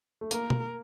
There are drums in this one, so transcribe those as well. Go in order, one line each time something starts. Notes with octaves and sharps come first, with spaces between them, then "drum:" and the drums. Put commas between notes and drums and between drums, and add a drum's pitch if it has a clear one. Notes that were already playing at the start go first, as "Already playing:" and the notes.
A3
A#3 A#4, drum: hi-hat
drum: tom B2